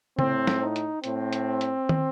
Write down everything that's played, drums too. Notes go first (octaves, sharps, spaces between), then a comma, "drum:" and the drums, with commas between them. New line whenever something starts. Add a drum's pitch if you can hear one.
A2 C4, drum: tom C#3
drum: snare
D#4
drum: hi-hat
A2 C4, drum: hi-hat
drum: hi-hat
drum: hi-hat
drum: tom